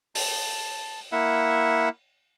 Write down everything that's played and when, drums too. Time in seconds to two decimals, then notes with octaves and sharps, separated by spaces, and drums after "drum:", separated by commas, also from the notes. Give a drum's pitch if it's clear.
0.15 A5, drum: open hi-hat
1.12 A#3 E4 E5 F#5